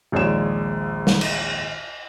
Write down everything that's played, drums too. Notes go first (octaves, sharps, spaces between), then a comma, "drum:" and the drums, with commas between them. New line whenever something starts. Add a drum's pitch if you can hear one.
A#1 D#2 G#3 C#5 D5 E7
drum: snare
drum: cymbal